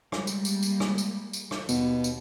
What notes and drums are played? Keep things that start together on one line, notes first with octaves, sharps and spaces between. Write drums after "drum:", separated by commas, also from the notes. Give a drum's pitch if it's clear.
G3 G#3 A#3, drum: rim click
drum: tambourine
drum: tambourine
drum: tambourine
drum: rim click
drum: tambourine
drum: tambourine
drum: rim click
D#2 B2, drum: tambourine
drum: tambourine